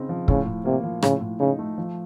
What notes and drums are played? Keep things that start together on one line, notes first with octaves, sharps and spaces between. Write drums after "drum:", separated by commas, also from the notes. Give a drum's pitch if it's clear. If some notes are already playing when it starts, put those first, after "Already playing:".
Already playing: C#3 C4 D#4
F3
A2 C#3, drum: kick
A2
C3 A#3
F3
A2 C#3, drum: rim click
A2
C#3 D#4
A3
F3